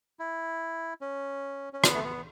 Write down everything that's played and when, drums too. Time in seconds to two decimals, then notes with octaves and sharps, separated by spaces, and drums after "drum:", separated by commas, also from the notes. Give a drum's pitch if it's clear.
0.19 E4
1.01 C#4
1.73 C#4
1.84 B3, drum: rim click
1.95 A3
2.04 B3